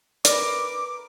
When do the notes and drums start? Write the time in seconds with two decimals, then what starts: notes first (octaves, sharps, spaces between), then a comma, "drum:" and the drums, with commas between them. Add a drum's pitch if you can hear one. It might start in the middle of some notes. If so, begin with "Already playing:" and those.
0.25 A#4 B4 D5 D6, drum: hi-hat